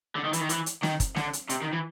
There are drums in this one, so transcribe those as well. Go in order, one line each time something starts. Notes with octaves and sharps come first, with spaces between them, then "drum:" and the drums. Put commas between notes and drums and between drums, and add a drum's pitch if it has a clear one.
D3
D#3
E3, drum: hi-hat
D#3
E3, drum: hi-hat
drum: hi-hat
D#3, drum: snare
drum: kick, hi-hat
D3, drum: snare
drum: hi-hat
C3, drum: hi-hat
D#3
E3